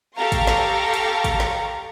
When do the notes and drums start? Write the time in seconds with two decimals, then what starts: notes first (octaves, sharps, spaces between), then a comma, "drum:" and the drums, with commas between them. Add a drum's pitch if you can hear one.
0.17 G4 A4 F5 A#5 C#6
0.32 drum: kick, hi-hat
0.47 drum: snare
0.94 drum: hi-hat
1.24 drum: kick, hi-hat
1.40 drum: snare